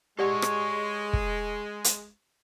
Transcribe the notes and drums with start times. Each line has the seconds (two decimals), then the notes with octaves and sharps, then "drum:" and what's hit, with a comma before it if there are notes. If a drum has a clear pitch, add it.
0.19 G#3 G4 A4 C#5 D5 F#5
0.42 drum: rim click
1.13 drum: kick
1.84 drum: hi-hat